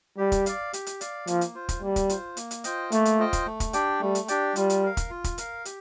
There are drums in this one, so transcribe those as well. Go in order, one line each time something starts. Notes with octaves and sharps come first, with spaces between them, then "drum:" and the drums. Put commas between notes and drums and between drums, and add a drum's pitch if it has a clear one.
G3 G4
drum: kick, hi-hat
D5 F5, drum: hi-hat
G4, drum: hi-hat
drum: hi-hat
D5 F5, drum: hi-hat
F3 A#3, drum: hi-hat
drum: hi-hat
F4 C5
drum: kick, hi-hat
G3 A#3
drum: kick, hi-hat
F4 C5, drum: hi-hat
A#3, drum: hi-hat
drum: hi-hat
F4 C5 D#5 G5, drum: hi-hat
A3 A#3, drum: hi-hat
drum: hi-hat
F4 C5 D#5 G5
drum: kick, hi-hat
A3
drum: kick, hi-hat
D4 G4 D5 G5, drum: hi-hat
G3 A3
drum: hi-hat
D4 G4 D5 G5, drum: hi-hat
G3 F4, drum: hi-hat
drum: hi-hat
A#4 F5
drum: kick, hi-hat
F4
drum: kick, hi-hat
A#4 F5, drum: hi-hat
G4, drum: hi-hat